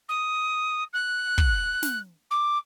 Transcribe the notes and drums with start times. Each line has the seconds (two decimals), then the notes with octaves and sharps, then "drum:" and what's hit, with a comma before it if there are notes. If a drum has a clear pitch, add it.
0.08 D#6
0.93 F#6
1.38 drum: kick
1.83 drum: snare
2.30 D6